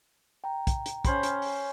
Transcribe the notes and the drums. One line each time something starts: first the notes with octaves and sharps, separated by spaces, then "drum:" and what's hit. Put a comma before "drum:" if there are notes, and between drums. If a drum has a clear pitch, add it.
G5 A#5
drum: kick, hi-hat
drum: hi-hat
C#4 C5 B5, drum: kick, hi-hat
drum: hi-hat
drum: open hi-hat